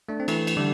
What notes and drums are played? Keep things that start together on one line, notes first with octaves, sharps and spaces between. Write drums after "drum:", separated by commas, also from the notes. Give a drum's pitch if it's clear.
A3 D4
C4
E3 A3, drum: cymbal
drum: cymbal
D3 G3